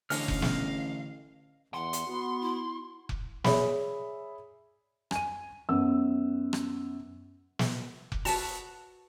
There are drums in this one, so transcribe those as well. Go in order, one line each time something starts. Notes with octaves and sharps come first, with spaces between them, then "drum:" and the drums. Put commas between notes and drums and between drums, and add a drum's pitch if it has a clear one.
A1 D3 C#4 D#5 F5 F6, drum: open hi-hat
drum: kick F1
drum: snare
E2 F#5 C6
drum: hi-hat
B3 F#4
E4
drum: kick F1
G#4 C#5 D5 E5 B5, drum: snare
G#5 D#7, drum: rim click
F#2 B3 E6
drum: rim click
drum: snare
drum: kick F1
F#4 B4 A5, drum: open hi-hat